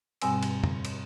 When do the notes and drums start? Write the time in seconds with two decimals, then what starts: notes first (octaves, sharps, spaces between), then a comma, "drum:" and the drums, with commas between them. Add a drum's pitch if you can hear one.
0.22 G2 B2 G3 C4 G#5 E6, drum: cymbal
0.43 drum: cymbal
0.64 drum: tom F2
0.85 drum: cymbal